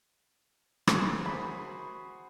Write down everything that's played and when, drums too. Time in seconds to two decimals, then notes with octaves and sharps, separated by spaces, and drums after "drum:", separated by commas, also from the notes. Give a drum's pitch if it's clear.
0.87 drum: rim click
1.26 F#4 G#4 C5 B5